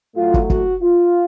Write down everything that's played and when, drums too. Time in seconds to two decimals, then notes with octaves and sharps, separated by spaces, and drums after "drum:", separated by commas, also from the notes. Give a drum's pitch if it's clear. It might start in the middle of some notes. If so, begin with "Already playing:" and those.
0.16 A2 F#3 A3 F4
0.34 drum: kick
0.50 F#4, drum: kick
0.82 F4